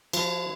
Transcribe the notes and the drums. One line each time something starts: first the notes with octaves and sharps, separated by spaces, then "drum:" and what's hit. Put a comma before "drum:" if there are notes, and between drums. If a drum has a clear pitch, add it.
F3, drum: cymbal